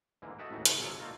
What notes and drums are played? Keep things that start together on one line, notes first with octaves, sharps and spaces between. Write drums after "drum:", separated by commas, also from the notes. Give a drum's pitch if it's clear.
G#2 D3 E3 A#3
F#4 A4 D#5 E5 F#5 G5
A1 D#2 E3 A3 F#4
C#3, drum: hi-hat
G#1 F#3 F4 G#4 A4 D5
A#3 D#4 F4 F#4 A4